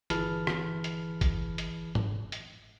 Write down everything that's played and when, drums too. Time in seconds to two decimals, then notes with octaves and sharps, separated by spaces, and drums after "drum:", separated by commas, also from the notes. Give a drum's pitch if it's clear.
0.10 G1 E3 G#4 A5 B5 F6, drum: hi-hat
0.47 drum: rim click
0.84 drum: hi-hat
1.21 drum: kick G1, hi-hat
1.58 drum: hi-hat
1.95 drum: tom G#2
2.32 drum: hi-hat